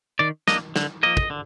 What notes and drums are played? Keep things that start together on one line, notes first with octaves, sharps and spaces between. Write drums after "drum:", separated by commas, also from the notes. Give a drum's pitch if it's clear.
D#3 D5
A#3 D4 D#5, drum: snare
D3, drum: snare
F3 A#3 D#5
drum: kick
D3